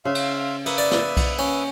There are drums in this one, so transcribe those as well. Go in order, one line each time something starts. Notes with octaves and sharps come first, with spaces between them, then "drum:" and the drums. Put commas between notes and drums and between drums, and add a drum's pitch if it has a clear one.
C#3 E5 F5 C6
drum: cymbal
A#3 B4 E5 D#6, drum: cymbal
D5
drum: snare
drum: kick B1, cymbal
C#4